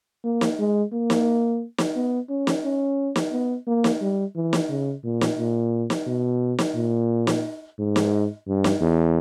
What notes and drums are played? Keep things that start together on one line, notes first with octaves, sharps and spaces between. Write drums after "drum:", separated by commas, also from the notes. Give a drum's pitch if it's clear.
A#3
drum: snare
G#3
A#3
drum: snare
drum: snare
B3
C#4
drum: snare
C#4
drum: snare
B3
A#3
drum: snare
G3
E3
drum: snare
C#3
A#2
drum: snare
A#2
drum: snare
B2
drum: snare
A#2
drum: snare
G#2
drum: snare
G2
drum: snare
E2